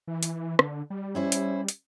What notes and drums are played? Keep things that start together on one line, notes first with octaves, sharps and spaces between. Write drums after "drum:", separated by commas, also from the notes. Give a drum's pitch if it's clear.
E3
drum: hi-hat
D3, drum: rim click
G3
C#4 E4 C5
drum: hi-hat
drum: hi-hat